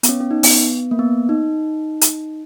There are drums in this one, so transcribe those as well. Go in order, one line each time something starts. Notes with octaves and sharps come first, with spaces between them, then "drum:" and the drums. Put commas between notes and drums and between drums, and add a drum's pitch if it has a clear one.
B3, drum: hi-hat
C#4
C#4
D#4
B3, drum: open hi-hat
A#3
B3
D#4
drum: hi-hat